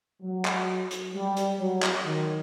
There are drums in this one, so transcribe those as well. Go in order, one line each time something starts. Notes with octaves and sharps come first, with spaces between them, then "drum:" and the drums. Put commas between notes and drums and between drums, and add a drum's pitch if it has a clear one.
F#3
drum: clap
drum: hi-hat
G3
drum: hi-hat
F#3
drum: clap
D#3